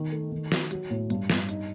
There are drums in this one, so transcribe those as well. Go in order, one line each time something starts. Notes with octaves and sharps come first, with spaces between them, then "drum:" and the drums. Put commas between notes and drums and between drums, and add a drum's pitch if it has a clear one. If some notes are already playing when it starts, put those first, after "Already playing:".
Already playing: D#3
A3
D#3
F#3, drum: snare
F#3, drum: hi-hat
A2
G2, drum: hi-hat
G2, drum: snare
D#4, drum: hi-hat